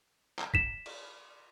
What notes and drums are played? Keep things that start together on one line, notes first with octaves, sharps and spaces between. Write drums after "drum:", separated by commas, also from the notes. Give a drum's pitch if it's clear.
drum: clap
B6 E7, drum: kick
drum: cymbal